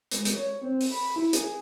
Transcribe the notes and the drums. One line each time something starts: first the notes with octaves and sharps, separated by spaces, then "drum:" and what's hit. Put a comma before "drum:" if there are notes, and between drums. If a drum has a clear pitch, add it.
G#3, drum: hi-hat
drum: hi-hat
C#5
C4
drum: open hi-hat
B5
E4
G#4, drum: hi-hat